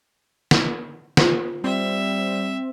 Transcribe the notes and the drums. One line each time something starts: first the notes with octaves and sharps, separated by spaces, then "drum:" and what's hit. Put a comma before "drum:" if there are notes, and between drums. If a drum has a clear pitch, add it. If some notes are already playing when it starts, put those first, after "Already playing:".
drum: snare
F4 C5, drum: snare
G3 C4 E5